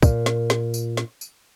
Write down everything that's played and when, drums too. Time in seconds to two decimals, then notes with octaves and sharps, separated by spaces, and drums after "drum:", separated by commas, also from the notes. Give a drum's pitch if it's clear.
0.03 A#2, drum: kick, tambourine
0.26 drum: snare
0.50 drum: snare
0.74 drum: tambourine
0.97 drum: snare
1.21 drum: tambourine